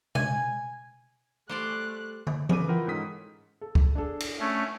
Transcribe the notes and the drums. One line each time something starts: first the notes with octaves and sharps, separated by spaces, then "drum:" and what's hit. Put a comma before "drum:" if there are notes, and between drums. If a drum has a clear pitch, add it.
G#5, drum: tom B2
G3 A3 C5 D5 F#6
drum: tom
C#3 A4 B4 D6 D#7, drum: tom E3
E4 F4 A#4 F#5 G5 B5
G#2 C#4 D#4 A4 D#6 B6
A4
drum: kick
D4 G#4 A4
drum: cymbal
A3 C#4